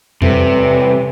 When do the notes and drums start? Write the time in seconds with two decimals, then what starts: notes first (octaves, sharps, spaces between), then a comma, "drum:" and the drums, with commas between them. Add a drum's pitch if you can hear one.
0.22 A2 C3 E3 G3, drum: tom E2